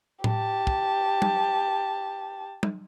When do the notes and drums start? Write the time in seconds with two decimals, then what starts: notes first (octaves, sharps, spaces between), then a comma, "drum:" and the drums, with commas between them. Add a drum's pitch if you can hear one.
0.24 G4 A5, drum: tom A2
0.67 drum: kick
1.22 drum: tom G3
2.63 drum: tom G3